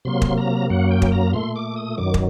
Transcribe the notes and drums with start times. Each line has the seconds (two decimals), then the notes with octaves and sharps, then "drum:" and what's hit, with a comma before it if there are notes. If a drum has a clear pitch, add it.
0.05 C3 F#3 A#3 C6
0.22 drum: kick
0.38 A#5
0.70 F#2 F#3 A#3 F#5
0.91 G5
1.02 drum: kick
1.12 A#5
1.33 A#2 A3 C6
1.56 D6
1.76 D#6
1.97 F#2 D#3 F#3 D6
2.14 drum: kick